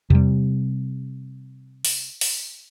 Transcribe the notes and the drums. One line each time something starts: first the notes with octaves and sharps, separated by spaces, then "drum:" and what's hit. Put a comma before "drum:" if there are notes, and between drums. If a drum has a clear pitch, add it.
C3 G3, drum: tom E2
drum: open hi-hat
drum: open hi-hat